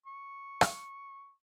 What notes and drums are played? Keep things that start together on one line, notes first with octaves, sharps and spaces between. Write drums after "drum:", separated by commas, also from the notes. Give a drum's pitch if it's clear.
C#6
drum: rim click